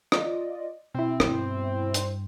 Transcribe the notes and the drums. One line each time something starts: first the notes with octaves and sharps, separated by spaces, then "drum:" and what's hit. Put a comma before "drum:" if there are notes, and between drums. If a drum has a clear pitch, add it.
F4 D5 D#5, drum: rim click
B2 C4 E4
G2, drum: rim click
drum: hi-hat